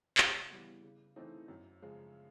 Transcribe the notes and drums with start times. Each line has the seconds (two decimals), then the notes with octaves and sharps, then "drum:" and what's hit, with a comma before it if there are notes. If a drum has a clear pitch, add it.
0.18 C#3, drum: clap
0.49 E3 G3 B3
0.83 C#3
1.16 E3 A3 C4 D#4
1.48 F#2
1.82 C#3 F3 G#3